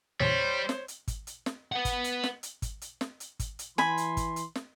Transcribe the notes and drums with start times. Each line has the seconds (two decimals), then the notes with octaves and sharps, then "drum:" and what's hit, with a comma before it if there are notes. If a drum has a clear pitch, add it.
0.20 E2 A#2 C#3 G3 C5 C#5
0.69 drum: snare
0.88 drum: hi-hat
1.08 drum: kick, hi-hat
1.27 drum: hi-hat
1.46 drum: snare
1.72 B4 F#5
1.85 drum: kick, hi-hat
2.04 drum: hi-hat
2.24 drum: snare
2.43 drum: hi-hat
2.62 drum: kick, hi-hat
2.82 drum: hi-hat
3.01 drum: snare
3.20 drum: hi-hat
3.39 drum: kick, hi-hat
3.59 drum: hi-hat
3.78 E3 G#5 B5 C6, drum: snare
3.97 drum: hi-hat
4.17 drum: kick, hi-hat
4.36 drum: hi-hat
4.55 drum: snare